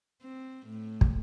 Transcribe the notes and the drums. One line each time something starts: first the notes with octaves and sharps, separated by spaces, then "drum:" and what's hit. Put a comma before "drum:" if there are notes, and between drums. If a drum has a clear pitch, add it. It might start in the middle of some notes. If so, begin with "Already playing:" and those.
C4
A2
drum: kick